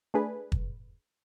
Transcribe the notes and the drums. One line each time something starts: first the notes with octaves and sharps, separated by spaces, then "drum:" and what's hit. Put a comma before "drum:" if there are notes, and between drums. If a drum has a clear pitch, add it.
A3 D4 G#4 B4
drum: kick